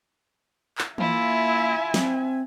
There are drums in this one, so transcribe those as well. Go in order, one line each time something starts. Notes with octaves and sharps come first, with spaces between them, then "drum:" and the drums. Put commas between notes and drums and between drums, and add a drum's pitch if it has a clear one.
drum: clap
A#3 E4 F4 E5 G#5, drum: tom E3
C4, drum: snare